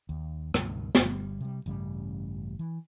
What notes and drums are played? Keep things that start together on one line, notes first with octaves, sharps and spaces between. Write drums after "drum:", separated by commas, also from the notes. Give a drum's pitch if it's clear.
D#2
C#2 G2 B2 D#3, drum: rim click
G1 G3, drum: snare
C3 G3
A1 G2 C#3 G3
E3